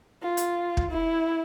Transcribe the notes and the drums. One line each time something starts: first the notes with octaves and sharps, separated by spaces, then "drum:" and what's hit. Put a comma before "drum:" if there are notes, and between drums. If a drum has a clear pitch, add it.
F4
drum: hi-hat
drum: kick
E4